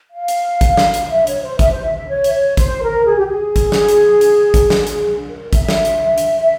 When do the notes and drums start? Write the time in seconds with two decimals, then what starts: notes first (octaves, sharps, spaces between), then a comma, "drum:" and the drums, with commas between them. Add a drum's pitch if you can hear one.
0.12 F5
0.28 drum: hi-hat
0.61 drum: kick G#1, hi-hat
0.77 drum: snare
0.94 drum: hi-hat
1.10 E5
1.27 C#5, drum: hi-hat
1.43 C5
1.59 E5, drum: kick G#1, hi-hat
1.72 C5
1.84 E5
1.96 E5
2.08 C#5
2.24 E5, drum: hi-hat
2.34 C#5
2.57 C5, drum: kick G#1, hi-hat
2.82 A#4
3.06 G#4
3.17 G4
3.27 G#4
3.56 drum: kick G#1, hi-hat
3.72 drum: snare
3.88 drum: hi-hat
4.21 drum: hi-hat
4.54 drum: kick G#1, hi-hat
4.70 drum: snare
4.87 drum: hi-hat
5.27 A#4
5.53 E5, drum: kick G#1, hi-hat
5.69 drum: snare
5.85 drum: hi-hat
6.18 drum: hi-hat
6.41 E5